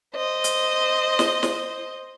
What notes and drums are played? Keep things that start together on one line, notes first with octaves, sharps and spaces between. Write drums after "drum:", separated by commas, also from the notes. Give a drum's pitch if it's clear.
C5 D#5
drum: hi-hat
drum: snare
drum: snare